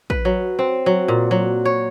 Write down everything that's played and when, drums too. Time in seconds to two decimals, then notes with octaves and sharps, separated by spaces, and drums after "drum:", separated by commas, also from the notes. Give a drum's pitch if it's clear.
0.10 B4, drum: kick
0.25 F#3
0.59 C4
0.86 F#3
1.08 A#2
1.31 F#3
1.65 C#5